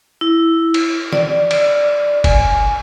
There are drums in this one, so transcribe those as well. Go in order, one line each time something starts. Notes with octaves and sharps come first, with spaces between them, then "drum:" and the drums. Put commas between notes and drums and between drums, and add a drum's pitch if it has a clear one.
E4
drum: cymbal
D5, drum: snare
drum: cymbal
G#5, drum: kick F#1, cymbal